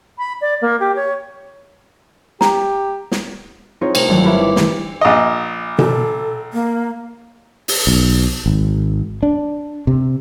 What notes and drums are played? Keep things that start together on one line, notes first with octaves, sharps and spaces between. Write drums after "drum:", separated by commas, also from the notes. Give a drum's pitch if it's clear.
B5
D5
A#3
G4
C#5
G4 A#5, drum: snare
drum: snare
C4 D#4 F4 G#4 C5 C#5
C3 A3 A#4, drum: cymbal
G1 F2 D3 D#3 F#3
E4 F4 G4 B4 C#5 E5
D6
C3 E3 A3 G4, drum: snare
A#1 D#5
A4, drum: tom B2
A#3
drum: open hi-hat
B1
G#1
D4
C3